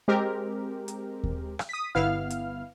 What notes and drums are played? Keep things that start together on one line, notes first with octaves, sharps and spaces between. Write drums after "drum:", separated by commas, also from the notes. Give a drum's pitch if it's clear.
G#3 C4 G4 A#4
drum: hi-hat
drum: kick D#2
drum: rim click
D#6 B6
G1 B3 E4 F5 F6
drum: hi-hat